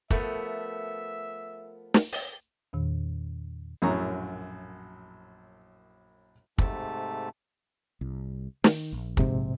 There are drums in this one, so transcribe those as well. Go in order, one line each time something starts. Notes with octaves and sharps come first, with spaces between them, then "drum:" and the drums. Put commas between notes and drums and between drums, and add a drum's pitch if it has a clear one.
F3 A3 B3 A#4 E5, drum: kick
drum: snare
drum: open hi-hat
E2 A#2 D#3
A#1 F#2 A2 F#3 A#5 C#6
G#2 C3 A3 A5, drum: kick
C2
D#3, drum: snare
A#1
G#2 C3, drum: kick